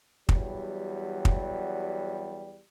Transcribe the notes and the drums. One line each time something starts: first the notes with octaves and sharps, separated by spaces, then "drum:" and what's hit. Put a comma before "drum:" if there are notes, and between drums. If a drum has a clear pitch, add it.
E2 F#3 G3, drum: kick
drum: kick